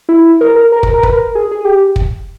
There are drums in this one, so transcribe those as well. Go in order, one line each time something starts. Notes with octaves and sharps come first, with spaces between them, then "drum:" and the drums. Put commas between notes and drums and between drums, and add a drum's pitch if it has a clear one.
E4
A#4
A#4
A#4
A#4, drum: kick
A#4
B4, drum: kick
A#4
G#4
G#4
G4
drum: kick